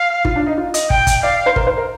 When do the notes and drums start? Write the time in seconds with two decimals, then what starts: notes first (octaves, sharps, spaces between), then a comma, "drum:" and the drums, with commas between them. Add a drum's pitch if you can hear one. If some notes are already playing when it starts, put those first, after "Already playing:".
Already playing: F5
0.25 F4, drum: kick
0.36 D4
0.47 D#4
0.58 F4
0.74 D#5, drum: hi-hat
0.90 G5, drum: kick
1.07 drum: kick, hi-hat
1.23 D5 F5
1.46 C5
1.56 A#4, drum: kick
1.67 C5
1.78 A#4